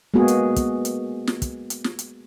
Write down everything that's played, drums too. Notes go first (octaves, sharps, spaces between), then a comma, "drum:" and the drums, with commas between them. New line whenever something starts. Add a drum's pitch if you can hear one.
G#3 A#3 B3 F#4 G#4
drum: hi-hat
drum: kick, hi-hat
drum: hi-hat
drum: snare
drum: kick, hi-hat
drum: hi-hat
drum: snare
drum: hi-hat